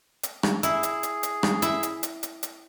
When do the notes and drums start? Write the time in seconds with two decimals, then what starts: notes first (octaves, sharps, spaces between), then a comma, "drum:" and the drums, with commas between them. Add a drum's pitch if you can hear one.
0.23 drum: hi-hat
0.43 drum: rim click
0.63 E4 G#4, drum: hi-hat
0.83 drum: hi-hat
1.03 drum: hi-hat
1.23 drum: hi-hat
1.43 drum: rim click
1.62 E4 E5, drum: hi-hat
1.83 drum: hi-hat
2.03 drum: hi-hat
2.23 drum: hi-hat
2.43 drum: hi-hat